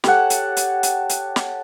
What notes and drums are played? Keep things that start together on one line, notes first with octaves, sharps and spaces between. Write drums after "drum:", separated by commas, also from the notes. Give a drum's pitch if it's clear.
G4 A4 C#5 F#5, drum: snare
drum: hi-hat
drum: hi-hat
drum: hi-hat
drum: hi-hat
drum: snare